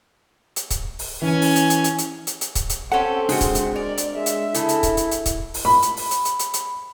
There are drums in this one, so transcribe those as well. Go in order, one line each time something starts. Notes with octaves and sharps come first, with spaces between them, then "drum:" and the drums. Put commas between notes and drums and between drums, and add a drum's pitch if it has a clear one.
drum: hi-hat
drum: kick C#1, hi-hat
drum: open hi-hat
E3 C#4 G#5
drum: open hi-hat
drum: hi-hat
drum: hi-hat
drum: hi-hat
drum: hi-hat
drum: hi-hat
drum: hi-hat
drum: kick C#1, hi-hat
drum: hi-hat
C4 C#4 G4 A4 F#5
C#3 G#3 D4 F#4 F#5, drum: open hi-hat
drum: kick C#1, hi-hat
drum: hi-hat
A#4 D5
drum: hi-hat
G#3 E5
drum: hi-hat
C#3 E4 A4, drum: hi-hat
drum: hi-hat
drum: kick C#1, hi-hat
drum: hi-hat
drum: hi-hat
drum: kick C#1, hi-hat
drum: open hi-hat
B5
drum: hi-hat
drum: open hi-hat
drum: hi-hat
drum: hi-hat
drum: hi-hat
drum: hi-hat